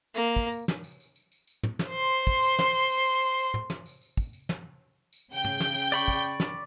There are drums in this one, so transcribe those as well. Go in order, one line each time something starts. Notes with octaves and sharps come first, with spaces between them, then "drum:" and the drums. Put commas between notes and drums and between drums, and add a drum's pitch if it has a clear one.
A#3
drum: kick, tambourine
drum: tambourine
drum: snare
drum: tambourine
drum: tambourine
drum: tambourine
drum: tambourine
drum: tambourine
drum: tom
drum: snare
C5 C6
drum: kick, tambourine
drum: tambourine
drum: snare
drum: tambourine
drum: tambourine
drum: tambourine
drum: tambourine
drum: tambourine
drum: tom
drum: snare
drum: tambourine
drum: tambourine
drum: kick, tambourine
drum: tambourine
drum: snare
drum: tambourine
C#3 G5 G6
drum: tom
drum: snare
drum: tambourine
D5 B5 C#6, drum: tambourine
drum: kick
drum: tambourine
drum: snare